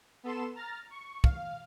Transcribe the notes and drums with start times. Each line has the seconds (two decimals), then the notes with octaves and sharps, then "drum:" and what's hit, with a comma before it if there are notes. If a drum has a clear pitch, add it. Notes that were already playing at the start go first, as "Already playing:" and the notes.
0.23 B3 A4 C6 E7
0.55 A#5 F6 A6
0.90 C#6
1.24 F5, drum: kick